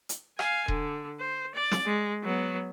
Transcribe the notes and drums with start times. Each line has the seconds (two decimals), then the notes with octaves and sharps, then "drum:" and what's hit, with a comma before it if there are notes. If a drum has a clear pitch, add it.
0.09 drum: hi-hat
0.39 F5 G#5, drum: rim click
0.68 D3, drum: kick D#1
1.20 C5
1.55 D5
1.72 drum: snare
1.86 G#3
2.23 F#3 B3